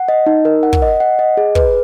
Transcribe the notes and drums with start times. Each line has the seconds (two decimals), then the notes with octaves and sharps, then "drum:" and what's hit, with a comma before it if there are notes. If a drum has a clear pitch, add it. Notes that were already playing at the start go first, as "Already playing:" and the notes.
Already playing: F#5
0.08 D#5
0.26 D#4
0.45 A#4
0.63 F#5
0.73 drum: kick
0.82 D#5
1.00 F#5
1.19 D#5
1.37 G#4
1.55 B4, drum: kick